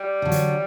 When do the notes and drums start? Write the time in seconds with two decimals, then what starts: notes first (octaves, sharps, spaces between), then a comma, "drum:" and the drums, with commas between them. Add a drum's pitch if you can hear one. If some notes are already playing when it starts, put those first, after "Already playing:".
Already playing: G3
0.22 D3 F#3
0.32 drum: hi-hat